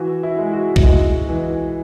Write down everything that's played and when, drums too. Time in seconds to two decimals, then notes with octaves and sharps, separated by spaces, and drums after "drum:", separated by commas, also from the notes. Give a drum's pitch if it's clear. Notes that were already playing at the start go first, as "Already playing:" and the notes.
Already playing: E3 F#4
0.23 E4
0.38 G#3
0.53 F#4
0.76 E4, drum: kick B1
0.83 G#3 D#4
1.29 E3